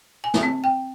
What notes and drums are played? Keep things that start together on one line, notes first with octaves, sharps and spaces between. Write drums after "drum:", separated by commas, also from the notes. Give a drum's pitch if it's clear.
G#5
drum: snare
C4
G5